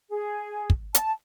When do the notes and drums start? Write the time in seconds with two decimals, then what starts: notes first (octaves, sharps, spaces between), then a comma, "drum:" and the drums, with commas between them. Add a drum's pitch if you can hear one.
0.11 G#4
0.70 drum: kick
0.95 A5, drum: hi-hat